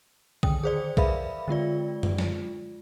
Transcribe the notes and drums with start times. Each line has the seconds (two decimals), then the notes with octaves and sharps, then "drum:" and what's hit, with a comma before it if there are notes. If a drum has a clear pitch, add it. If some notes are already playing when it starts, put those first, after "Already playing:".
0.43 D3 D#3 G5 D#6, drum: kick
0.63 G#4 C5 D5
0.97 G#4 A#4 B4 E5 F5 B5, drum: kick
1.48 D3 G#3 F4 D5
2.03 drum: tom F#2
2.18 drum: snare